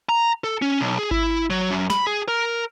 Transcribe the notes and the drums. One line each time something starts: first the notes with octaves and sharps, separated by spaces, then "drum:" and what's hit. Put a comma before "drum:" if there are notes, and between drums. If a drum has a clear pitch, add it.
A#5
A4
C#4
B1
G#4
E4, drum: kick G#1
F#3
F#2
B5, drum: snare
G#4
A#4